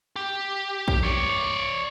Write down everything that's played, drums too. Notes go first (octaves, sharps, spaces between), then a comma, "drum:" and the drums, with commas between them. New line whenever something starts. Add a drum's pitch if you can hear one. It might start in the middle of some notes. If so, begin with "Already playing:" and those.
G4
drum: kick A#1
C#5 D5